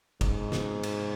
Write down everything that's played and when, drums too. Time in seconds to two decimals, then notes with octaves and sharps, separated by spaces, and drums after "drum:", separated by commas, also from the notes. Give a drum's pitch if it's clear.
0.21 G#2, drum: kick, cymbal
0.52 drum: snare
0.83 drum: cymbal